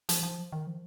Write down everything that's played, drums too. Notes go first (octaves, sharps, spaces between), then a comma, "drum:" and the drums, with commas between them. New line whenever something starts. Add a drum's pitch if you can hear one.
F3, drum: hi-hat
F3
D#3
F3